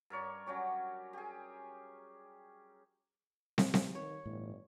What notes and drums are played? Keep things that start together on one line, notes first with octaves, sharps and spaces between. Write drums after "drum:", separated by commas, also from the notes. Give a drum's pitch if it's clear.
G2 A#4 C#5 D5
F#3 C#4 G4 C#5
G4 G#4
drum: snare
drum: snare
D#3 C#5
G1 A2 E3